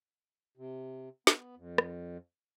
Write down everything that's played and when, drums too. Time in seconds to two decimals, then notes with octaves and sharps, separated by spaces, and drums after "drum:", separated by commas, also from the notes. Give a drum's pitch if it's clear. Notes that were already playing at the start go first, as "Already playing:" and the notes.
0.57 C3
1.27 B3, drum: snare
1.56 F2
1.78 drum: rim click